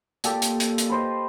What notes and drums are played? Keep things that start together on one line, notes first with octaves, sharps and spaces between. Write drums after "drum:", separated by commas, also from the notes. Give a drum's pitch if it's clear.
A#2 G4 A4, drum: hi-hat
drum: hi-hat
drum: hi-hat
drum: hi-hat
B4 C5 D#5